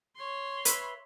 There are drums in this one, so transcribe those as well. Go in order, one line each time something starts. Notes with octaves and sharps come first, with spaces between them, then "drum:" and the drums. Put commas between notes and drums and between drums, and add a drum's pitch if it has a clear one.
C#5 C6
B4 E5 B5, drum: hi-hat